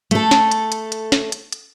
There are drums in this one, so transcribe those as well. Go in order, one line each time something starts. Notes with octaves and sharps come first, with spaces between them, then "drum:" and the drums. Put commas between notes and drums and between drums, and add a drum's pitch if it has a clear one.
A3 A4, drum: hi-hat
drum: snare
drum: hi-hat
drum: hi-hat
drum: hi-hat
drum: snare
drum: hi-hat
drum: hi-hat